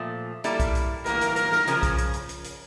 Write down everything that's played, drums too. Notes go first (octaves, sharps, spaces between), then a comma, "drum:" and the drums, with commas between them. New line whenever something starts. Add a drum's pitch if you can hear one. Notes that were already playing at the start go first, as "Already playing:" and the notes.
Already playing: A#2 F3 A3
G3 A#3 E4 A4 D5, drum: hi-hat
drum: kick B1, hi-hat
drum: hi-hat
A2 E3 A#3 A#4, drum: hi-hat
drum: hi-hat
A#4, drum: hi-hat
drum: snare
C#3 F3 C#4, drum: hi-hat
drum: kick B1, hi-hat
drum: hi-hat
drum: hi-hat
drum: hi-hat
drum: hi-hat